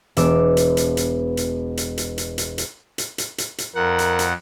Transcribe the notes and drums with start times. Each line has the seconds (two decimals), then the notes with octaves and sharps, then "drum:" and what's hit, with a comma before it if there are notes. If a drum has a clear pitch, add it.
0.17 E1 B3 D6 E6, drum: hi-hat
0.57 drum: hi-hat
0.77 drum: hi-hat
0.97 drum: hi-hat
1.37 drum: hi-hat
1.77 drum: hi-hat
1.98 drum: hi-hat
2.18 drum: hi-hat
2.38 drum: hi-hat
2.58 drum: hi-hat
2.98 drum: hi-hat
3.18 drum: hi-hat
3.38 drum: hi-hat
3.58 drum: hi-hat
3.75 F2 A#4 F#5
3.99 drum: hi-hat
4.19 drum: hi-hat